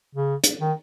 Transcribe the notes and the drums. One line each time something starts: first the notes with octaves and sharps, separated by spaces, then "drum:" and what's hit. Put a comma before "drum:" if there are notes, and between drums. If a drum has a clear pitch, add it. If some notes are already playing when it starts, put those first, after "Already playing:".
C#3
drum: hi-hat
D#3